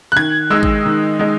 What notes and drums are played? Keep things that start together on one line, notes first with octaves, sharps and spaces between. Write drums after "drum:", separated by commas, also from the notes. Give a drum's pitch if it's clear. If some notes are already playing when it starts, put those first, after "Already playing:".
F#6
D#3 G#6
G#3 D#4 E6
drum: kick G#1
D#3
G#3 D#4